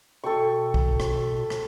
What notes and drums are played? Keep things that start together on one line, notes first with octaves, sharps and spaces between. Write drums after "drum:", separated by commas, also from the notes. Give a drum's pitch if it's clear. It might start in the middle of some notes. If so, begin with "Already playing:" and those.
B2 A4 G5 C#6
drum: kick B1
drum: rim click
drum: rim click